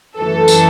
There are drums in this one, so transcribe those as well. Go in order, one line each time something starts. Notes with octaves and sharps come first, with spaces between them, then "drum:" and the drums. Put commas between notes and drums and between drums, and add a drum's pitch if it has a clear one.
F#2 E3 A3 A4
drum: tambourine